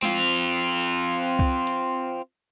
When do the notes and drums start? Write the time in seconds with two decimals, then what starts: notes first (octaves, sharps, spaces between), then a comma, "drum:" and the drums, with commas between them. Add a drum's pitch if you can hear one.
0.03 C4 F4, drum: tom G#3
0.81 drum: tambourine
1.39 drum: kick C2
1.67 drum: hi-hat